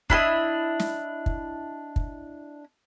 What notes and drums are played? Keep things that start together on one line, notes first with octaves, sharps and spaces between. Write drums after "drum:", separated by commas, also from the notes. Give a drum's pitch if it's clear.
D4 E4 A4 D#5, drum: kick
drum: snare
drum: kick
drum: kick